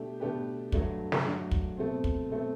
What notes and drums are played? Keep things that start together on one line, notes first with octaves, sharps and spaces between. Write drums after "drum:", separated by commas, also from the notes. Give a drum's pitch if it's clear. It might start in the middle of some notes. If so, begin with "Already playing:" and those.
Already playing: B2 A3 D4 G4
B2 A3 D4 G4 B4
G2 F#3 A3 D4, drum: kick
drum: snare
G2 F#3 A3 D4
drum: kick
B2 A3 C4
drum: kick
B2 A3 C4